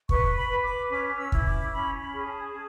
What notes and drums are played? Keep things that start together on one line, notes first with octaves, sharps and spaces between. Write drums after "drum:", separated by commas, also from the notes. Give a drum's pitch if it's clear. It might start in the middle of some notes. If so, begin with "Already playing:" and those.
B4 C#6, drum: kick
B5
B4
D6
C#4 D6
E6
E4, drum: kick
D6
C#4 B5
B5
G#4
A5